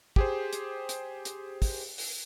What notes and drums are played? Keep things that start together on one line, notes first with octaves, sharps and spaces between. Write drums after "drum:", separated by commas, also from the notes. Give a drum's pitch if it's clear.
G4 G#4 C5, drum: kick
drum: hi-hat
drum: hi-hat
drum: hi-hat
drum: kick, open hi-hat
drum: open hi-hat